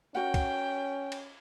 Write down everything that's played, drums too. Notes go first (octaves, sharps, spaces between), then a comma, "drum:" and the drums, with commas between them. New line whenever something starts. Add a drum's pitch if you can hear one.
C#4 F#4 A#4 F#5 G5
drum: kick C2, cymbal
drum: cymbal